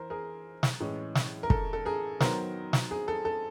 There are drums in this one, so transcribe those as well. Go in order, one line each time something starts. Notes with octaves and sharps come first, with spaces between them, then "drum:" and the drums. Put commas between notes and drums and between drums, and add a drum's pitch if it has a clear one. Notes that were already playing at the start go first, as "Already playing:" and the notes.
Already playing: E3 A#4 C5
G#4 A#4
drum: snare
A2 E3 G#3 C#4
drum: snare
A#4
A4, drum: kick
A4
G#4 A#4
D#3 F#3 B3 A#4 C5, drum: snare
drum: snare
G#4
A4
A4